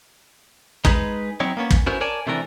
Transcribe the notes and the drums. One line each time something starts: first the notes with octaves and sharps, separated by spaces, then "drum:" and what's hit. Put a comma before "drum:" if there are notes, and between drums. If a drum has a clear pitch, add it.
G#3 D#4 G#4 B4, drum: kick
F#3 C4 D#4 E4 C#5
A#3 B3 C#4
drum: kick
B3 C#4 E4 F#4 A#4 C5
A#4 C#5 D5 G#5 A5
C3 D#3 E3 A3 D4 A#4